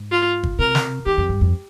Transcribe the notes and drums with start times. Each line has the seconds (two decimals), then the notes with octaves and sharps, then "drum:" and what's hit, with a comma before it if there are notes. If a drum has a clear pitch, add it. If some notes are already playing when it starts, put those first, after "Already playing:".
Already playing: G#2
0.12 F4
0.43 drum: kick G1
0.59 C3 A#4
0.75 drum: snare
1.06 D#3 G4
1.18 F2
1.29 G2
1.41 F2